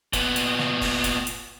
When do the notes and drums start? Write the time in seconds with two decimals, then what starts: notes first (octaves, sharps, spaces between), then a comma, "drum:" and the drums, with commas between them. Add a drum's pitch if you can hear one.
0.13 A#2 B3, drum: kick, hi-hat
0.36 drum: hi-hat
0.59 drum: snare
0.81 drum: kick, open hi-hat
1.04 drum: kick, hi-hat
1.27 drum: hi-hat